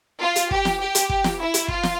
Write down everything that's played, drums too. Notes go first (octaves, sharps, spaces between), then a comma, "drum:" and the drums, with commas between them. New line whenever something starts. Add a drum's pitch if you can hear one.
F4
drum: hi-hat
G4, drum: kick
drum: snare
G4
drum: hi-hat
drum: kick
drum: snare
E4
drum: hi-hat
F4, drum: kick
drum: snare